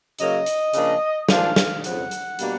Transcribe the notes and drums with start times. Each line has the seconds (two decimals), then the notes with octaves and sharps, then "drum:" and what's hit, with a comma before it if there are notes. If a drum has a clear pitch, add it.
0.19 C#3 F#3 A#3 D#5, drum: hi-hat
0.46 drum: hi-hat
0.74 C#3 F3 A#3 D4, drum: hi-hat
1.29 G#2 F3 A#3 D4 F5, drum: snare
1.56 drum: snare
1.84 F2 C#3 F3 F#5, drum: hi-hat
2.11 drum: hi-hat
2.39 B2 G3 A#3 D4, drum: hi-hat